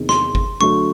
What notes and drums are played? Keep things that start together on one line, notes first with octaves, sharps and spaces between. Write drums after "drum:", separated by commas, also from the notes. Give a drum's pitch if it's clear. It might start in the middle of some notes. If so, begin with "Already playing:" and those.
Already playing: E2 C3 D#3
C6, drum: snare
drum: kick
D3 F#3 A3 C#6